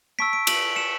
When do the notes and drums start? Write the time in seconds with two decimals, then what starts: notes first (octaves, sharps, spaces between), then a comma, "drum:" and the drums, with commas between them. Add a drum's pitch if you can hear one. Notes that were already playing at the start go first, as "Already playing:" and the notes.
0.19 A5 C#6 E6 B6 D7
0.33 B6 D7
0.47 D7 F#7, drum: cymbal
0.76 C#7 E7